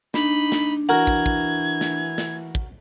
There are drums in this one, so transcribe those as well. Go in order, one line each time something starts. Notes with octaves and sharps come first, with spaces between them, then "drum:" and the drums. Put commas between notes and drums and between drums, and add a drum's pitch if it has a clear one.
D4 D#4 B5, drum: snare
drum: snare
E3 F#4 A#4 G#6
drum: kick
drum: kick
drum: snare
drum: snare
drum: kick